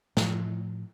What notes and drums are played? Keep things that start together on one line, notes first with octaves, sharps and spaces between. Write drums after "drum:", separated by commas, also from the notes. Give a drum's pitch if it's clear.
A2 F3, drum: snare